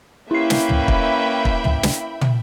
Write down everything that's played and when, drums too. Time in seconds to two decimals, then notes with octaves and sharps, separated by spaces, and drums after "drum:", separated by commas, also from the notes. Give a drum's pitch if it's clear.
0.31 A#3 C#4 E4 B4 E5 G5 B5 C7
0.50 drum: snare
0.69 drum: tom
0.88 drum: kick
1.45 drum: kick
1.64 drum: tom
1.83 drum: snare
2.21 drum: tom